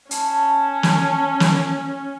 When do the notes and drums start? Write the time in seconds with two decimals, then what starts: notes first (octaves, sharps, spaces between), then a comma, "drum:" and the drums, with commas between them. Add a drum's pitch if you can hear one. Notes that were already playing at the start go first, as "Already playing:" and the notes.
0.11 C#4 A5, drum: hi-hat
0.83 drum: snare
1.40 drum: snare